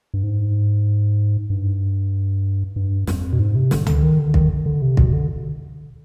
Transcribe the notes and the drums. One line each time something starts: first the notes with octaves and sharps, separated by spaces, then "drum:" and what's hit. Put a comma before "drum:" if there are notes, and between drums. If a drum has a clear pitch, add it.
G2
G#2
G2
G2
F2, drum: snare
B2
G#2
C3
D3, drum: snare
D3, drum: tom C#2
D#3
D3
D#3, drum: kick
D3
C3
B2, drum: kick
D3